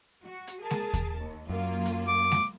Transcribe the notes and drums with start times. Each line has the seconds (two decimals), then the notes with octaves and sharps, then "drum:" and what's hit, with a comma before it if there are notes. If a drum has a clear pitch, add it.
0.24 F#4
0.47 drum: hi-hat
0.61 G#4 A#4 A5
0.70 drum: snare G#3
0.93 drum: kick D#2, hi-hat
1.18 D#2
1.49 F#2 F#3 A#3 F4
1.85 drum: hi-hat
2.08 D6
2.32 drum: snare G#3